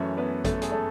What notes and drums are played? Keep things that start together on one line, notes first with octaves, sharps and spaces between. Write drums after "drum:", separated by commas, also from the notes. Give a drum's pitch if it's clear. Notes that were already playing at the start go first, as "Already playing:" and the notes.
Already playing: F#2 E3 A3 C#4 C#5
B3 B4
A3 A4, drum: kick A1, hi-hat
G#4, drum: hi-hat
A3 A4